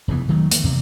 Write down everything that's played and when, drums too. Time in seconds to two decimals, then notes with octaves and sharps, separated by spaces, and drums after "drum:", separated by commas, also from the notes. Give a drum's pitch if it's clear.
0.08 F1 C#3 E3 B3
0.29 D#3 F#3 G#3 A3
0.51 A#3, drum: hi-hat
0.64 E2 G2 C3